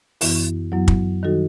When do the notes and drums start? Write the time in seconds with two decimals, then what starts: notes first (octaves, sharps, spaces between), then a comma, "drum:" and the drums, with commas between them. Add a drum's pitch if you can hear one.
0.21 F#2 E3 B3 E4, drum: open hi-hat
0.72 F#2 F#3 B3 E4
0.88 drum: kick
1.23 D#3 G3 D#4 F#4 A4